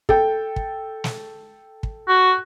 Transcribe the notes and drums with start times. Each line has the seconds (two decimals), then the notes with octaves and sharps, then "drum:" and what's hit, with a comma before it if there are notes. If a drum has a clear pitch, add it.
0.09 A4 G5, drum: kick
0.56 drum: kick
1.04 drum: snare
1.83 drum: kick
2.08 F#4